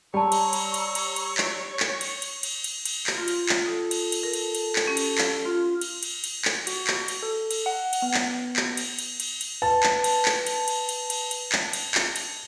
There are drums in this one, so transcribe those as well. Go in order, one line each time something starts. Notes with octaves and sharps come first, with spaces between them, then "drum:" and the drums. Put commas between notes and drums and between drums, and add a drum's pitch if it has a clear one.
G3 C#5 G5 A5 A#5 C#6 E6
drum: cymbal
drum: cymbal
drum: cymbal
drum: cymbal
drum: cymbal
drum: clap
drum: clap
drum: cymbal
drum: cymbal
drum: cymbal
drum: cymbal
drum: cymbal
drum: clap
F4
drum: cymbal
drum: clap
A4 D#6
drum: cymbal
drum: cymbal
A4 A#4
drum: cymbal
drum: cymbal
drum: clap
C#4 G4
drum: cymbal
drum: clap
F4
drum: cymbal
drum: cymbal
drum: cymbal
drum: clap
F#4, drum: cymbal
drum: clap
drum: cymbal
A4
drum: cymbal
F#5
drum: cymbal
B3
drum: clap
drum: clap
drum: cymbal
drum: cymbal
drum: cymbal
drum: cymbal
B4 A5
drum: clap
drum: cymbal
drum: clap
drum: cymbal
drum: cymbal
drum: cymbal
drum: cymbal
drum: cymbal
drum: clap
drum: cymbal
drum: clap
drum: cymbal